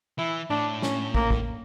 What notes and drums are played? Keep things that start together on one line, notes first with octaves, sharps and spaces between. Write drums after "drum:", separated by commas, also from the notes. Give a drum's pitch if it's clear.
E3 E4
A2 D4
C#4, drum: snare
A#3, drum: kick
drum: kick